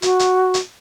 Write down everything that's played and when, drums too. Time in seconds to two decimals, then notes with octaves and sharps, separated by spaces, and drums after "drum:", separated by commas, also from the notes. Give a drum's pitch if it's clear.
0.02 F#4, drum: hi-hat
0.19 drum: hi-hat
0.54 drum: hi-hat